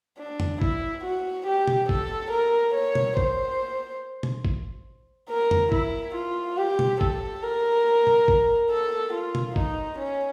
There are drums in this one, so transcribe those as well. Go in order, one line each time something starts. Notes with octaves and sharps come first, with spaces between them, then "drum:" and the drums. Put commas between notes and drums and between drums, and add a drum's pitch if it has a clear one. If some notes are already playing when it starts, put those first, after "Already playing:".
D4
drum: tom F2
E4, drum: kick G#1
F#4
G4
drum: tom
A4, drum: kick G#1
A#4
C#5
drum: tom
C5, drum: kick G#1
drum: tom
drum: kick G#1
A#4
drum: tom F2
E4, drum: kick G#1
F4
G4
drum: tom
A4, drum: kick G#1
A#4
drum: tom
drum: kick G#1
A4
F4
drum: tom
D#4, drum: kick G#1
C#4